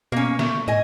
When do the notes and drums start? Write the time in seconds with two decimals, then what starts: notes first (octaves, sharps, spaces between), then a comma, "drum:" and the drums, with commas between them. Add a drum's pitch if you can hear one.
0.12 B2 A#3 C#4
0.39 A3, drum: snare
0.68 A2 D#5 G#5